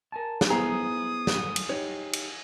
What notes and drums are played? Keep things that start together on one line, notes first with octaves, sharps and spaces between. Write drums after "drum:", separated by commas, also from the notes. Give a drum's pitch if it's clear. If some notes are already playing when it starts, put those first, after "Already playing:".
A#4 G#5 A5
drum: snare
B3 E4 G#4 C5 A#5 D#6
drum: snare
drum: cymbal
D#4 G4 C#5
drum: cymbal